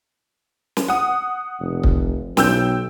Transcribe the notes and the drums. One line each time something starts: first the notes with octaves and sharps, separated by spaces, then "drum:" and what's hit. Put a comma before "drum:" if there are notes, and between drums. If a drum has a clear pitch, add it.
drum: snare
F#5 D#6
F1
drum: kick C#1
B1 G5 E6 G6, drum: snare